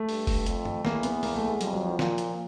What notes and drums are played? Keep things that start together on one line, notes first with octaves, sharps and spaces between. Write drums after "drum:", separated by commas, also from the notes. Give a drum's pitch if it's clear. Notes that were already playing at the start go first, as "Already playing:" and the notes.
Already playing: A3
G2, drum: open hi-hat
drum: kick F1, open hi-hat
F2, drum: hi-hat
drum: tom G2
E2 A#3, drum: snare
B3, drum: hi-hat
A#3, drum: open hi-hat
A3
G#3
F2 G3, drum: hi-hat
F#3
F3
A#2, drum: snare
drum: hi-hat